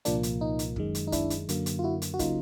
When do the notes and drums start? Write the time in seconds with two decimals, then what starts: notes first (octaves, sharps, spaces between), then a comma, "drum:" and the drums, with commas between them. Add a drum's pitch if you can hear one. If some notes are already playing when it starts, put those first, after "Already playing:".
0.05 C2 A#2 F3 A#3 D4, drum: hi-hat
0.23 drum: hi-hat
0.41 D#4
0.59 drum: hi-hat
0.76 F#2 D#3 G#3, drum: kick
0.95 drum: hi-hat
1.07 D#4
1.12 D4 E4, drum: kick, hi-hat
1.30 drum: hi-hat
1.49 F#2 D3 F#3 A#3, drum: hi-hat
1.66 drum: hi-hat
1.79 F4
1.84 E4 F#4
2.02 drum: hi-hat
2.14 F#4
2.19 C#3 F#3 A#3 D#4 F4, drum: kick, hi-hat